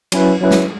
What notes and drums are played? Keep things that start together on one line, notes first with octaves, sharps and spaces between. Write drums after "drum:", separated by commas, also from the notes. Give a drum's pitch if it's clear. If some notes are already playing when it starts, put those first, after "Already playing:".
F#3 C#4 E4 B4, drum: cymbal
F#3 C#4 E4 B4
drum: snare